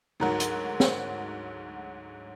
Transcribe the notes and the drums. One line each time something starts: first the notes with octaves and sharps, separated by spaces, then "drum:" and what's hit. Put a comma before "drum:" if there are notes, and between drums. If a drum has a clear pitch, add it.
D2 G#2 F#3 D#4 A#4
drum: hi-hat
drum: snare C5